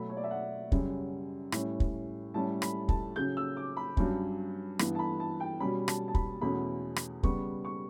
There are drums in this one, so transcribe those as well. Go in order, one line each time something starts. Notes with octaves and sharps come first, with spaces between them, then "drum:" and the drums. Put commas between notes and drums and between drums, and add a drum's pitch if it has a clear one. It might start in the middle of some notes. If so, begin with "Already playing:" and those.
Already playing: B2 F#3 A3 B5
C#5
D5
E5
F#5
F#2 C#3 G3 C#4, drum: kick
A2 G3 C#4, drum: rim click
drum: kick
A2 G3 C#4 A5
B5, drum: rim click
A5, drum: kick
C#3 F#3 C#4 G6
E6
D6
B5
G2 F#3 C#4, drum: kick
G2 E3 B3, drum: rim click
A5
B5
A5
G5
B2 G3 C#4 B5
A5, drum: rim click
A5
B5, drum: kick
E2 B2 A3 C#4 B5
drum: rim click
C#3 G3 B3 C#6, drum: kick
C#6